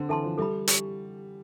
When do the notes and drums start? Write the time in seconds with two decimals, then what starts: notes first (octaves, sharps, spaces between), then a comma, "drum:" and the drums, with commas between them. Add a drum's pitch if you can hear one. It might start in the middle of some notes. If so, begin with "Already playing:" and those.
Already playing: D3 C4
0.09 E3 A4 E5 A5 C6
0.24 F3
0.38 G3 A4 E5 B5
0.68 D4 G4, drum: hi-hat